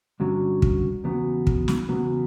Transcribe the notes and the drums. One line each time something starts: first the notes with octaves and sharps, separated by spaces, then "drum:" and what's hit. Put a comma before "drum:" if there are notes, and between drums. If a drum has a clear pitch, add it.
G2 D3 F#3 C#4
drum: kick
E2 C#3 F#3 B3
drum: kick
drum: snare
E2 C#3 F#3 B3